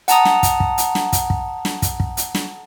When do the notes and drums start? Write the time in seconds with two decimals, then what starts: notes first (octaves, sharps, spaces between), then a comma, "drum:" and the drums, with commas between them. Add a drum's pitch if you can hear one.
0.08 F#5 A5 A#5 D#6, drum: hi-hat
0.25 drum: snare
0.43 drum: kick, hi-hat
0.60 drum: kick
0.78 drum: hi-hat
0.95 drum: snare
1.13 drum: kick, hi-hat
1.30 drum: kick
1.65 drum: snare
1.82 drum: kick, hi-hat
2.00 drum: kick
2.17 drum: hi-hat
2.35 drum: snare